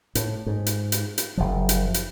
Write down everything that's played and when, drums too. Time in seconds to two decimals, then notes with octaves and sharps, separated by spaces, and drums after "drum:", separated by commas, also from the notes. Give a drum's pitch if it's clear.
0.15 A2, drum: hi-hat
0.46 G#2
0.66 drum: hi-hat
0.92 drum: hi-hat
1.18 drum: hi-hat
1.37 F#1 F3
1.69 drum: hi-hat
1.94 drum: hi-hat